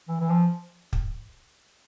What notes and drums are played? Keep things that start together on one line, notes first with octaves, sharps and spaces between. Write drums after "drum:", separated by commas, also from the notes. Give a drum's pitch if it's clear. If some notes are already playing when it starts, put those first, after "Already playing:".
E3
E3
F3
drum: kick